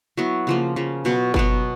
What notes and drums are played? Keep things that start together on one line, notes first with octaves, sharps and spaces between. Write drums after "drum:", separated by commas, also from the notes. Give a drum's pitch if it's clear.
F#3 B3 E4
C#3 F3 A#3
C#3 F3 A#3
B2 F#3 B3
B2 F#3 B3, drum: kick G1